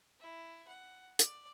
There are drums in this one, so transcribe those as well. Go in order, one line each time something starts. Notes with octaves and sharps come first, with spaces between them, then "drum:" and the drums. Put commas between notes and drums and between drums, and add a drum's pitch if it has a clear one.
E4
F#5
D5, drum: hi-hat